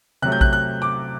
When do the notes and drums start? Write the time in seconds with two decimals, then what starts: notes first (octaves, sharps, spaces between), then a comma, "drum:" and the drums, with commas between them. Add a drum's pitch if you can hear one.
0.22 C3 F#3 A3 F#6
0.32 G6
0.41 F#6, drum: kick A#1
0.53 F#6
0.82 D6